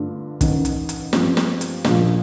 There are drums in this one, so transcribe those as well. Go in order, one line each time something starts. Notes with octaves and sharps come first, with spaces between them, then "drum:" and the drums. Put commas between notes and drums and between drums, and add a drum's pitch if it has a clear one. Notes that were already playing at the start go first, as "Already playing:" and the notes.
Already playing: G2 D3 A3 D4 F4
A1 G2 D#3, drum: kick, hi-hat
drum: hi-hat
drum: hi-hat
G2 F3 C4 G4, drum: snare
drum: snare
drum: hi-hat
A#1 A#2 F3, drum: snare